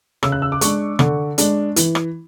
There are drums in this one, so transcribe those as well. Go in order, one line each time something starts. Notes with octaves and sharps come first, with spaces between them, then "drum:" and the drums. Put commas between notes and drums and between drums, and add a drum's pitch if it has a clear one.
C#3 E6, drum: rim click
F#6
E6
D6
G#3 D4 C#6, drum: hi-hat
D3, drum: rim click
G#3 D4, drum: hi-hat
E3, drum: hi-hat
drum: rim click